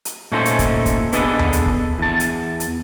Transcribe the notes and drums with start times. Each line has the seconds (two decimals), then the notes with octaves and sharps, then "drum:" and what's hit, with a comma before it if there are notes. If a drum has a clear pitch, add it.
0.05 drum: hi-hat
0.32 A#2 A3 C#4 D#4 A4 C5
0.45 drum: hi-hat
0.59 drum: kick, hi-hat
0.86 drum: kick, hi-hat
1.12 B3 D4 G#4 A4 B4 D#5, drum: hi-hat
1.39 drum: tom D#2
1.53 drum: hi-hat
1.66 drum: kick
1.99 E2 A5
2.20 drum: hi-hat
2.60 drum: hi-hat